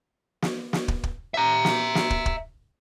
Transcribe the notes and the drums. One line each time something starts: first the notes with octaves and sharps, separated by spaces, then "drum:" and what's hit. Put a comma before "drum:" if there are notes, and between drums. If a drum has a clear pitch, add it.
drum: snare
drum: snare
drum: kick
drum: kick
E5 A#5
drum: snare
drum: snare
drum: kick
drum: kick